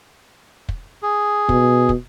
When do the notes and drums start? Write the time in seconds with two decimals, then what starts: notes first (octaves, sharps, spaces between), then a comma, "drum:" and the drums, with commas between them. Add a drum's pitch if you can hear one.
0.69 drum: kick
1.03 G#4
1.49 B2, drum: kick
1.89 drum: kick